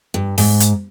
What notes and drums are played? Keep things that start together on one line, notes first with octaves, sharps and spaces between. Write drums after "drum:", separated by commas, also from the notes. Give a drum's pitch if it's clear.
G2
G#2, drum: open hi-hat
drum: hi-hat